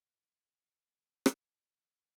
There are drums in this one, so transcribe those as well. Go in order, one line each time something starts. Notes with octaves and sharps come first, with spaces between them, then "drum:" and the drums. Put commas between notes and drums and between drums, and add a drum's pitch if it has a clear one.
C#4 A#4
drum: rim click